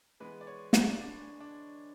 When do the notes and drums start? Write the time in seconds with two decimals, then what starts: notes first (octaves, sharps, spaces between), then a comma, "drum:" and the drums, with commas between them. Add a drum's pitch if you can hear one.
0.20 E3 G#3 B3 B4
0.41 D5
0.47 C#5
0.73 D4, drum: snare
1.01 D4
1.40 D4